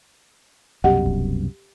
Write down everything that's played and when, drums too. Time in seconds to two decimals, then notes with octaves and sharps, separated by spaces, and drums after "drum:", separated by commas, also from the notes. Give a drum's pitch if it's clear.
0.84 C2 F#2 B2 G4 D#5 F#5
1.06 drum: kick D1